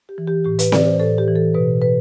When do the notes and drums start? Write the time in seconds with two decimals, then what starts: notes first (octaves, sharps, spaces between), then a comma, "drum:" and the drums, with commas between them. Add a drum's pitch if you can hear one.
0.09 G4
0.18 E3
0.28 G4
0.45 A2 G4
0.59 B4, drum: hi-hat
0.72 E3 D5, drum: snare C4
0.86 C5
1.00 A2 A4
1.18 G4
1.28 E3
1.36 A4
1.54 B2 B4
1.82 B4